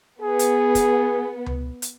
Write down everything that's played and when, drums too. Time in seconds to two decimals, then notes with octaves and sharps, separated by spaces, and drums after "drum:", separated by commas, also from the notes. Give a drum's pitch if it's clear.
0.21 B3 G#4
0.39 drum: hi-hat
0.75 drum: kick, hi-hat
1.46 drum: tom C#2
1.82 drum: hi-hat